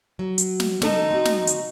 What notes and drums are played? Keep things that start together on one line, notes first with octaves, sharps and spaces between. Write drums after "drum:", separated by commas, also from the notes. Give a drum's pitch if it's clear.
F#3
drum: hi-hat
drum: snare
C#4 D#4 A4 A5, drum: snare
C4 F#4
drum: snare
drum: hi-hat